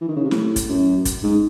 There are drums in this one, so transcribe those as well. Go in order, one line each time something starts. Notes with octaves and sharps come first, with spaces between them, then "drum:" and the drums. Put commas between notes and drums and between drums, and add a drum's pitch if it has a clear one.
E3
D#3
C#3
C3
A2, drum: snare
drum: kick, hi-hat
F#2
drum: kick, hi-hat
G#2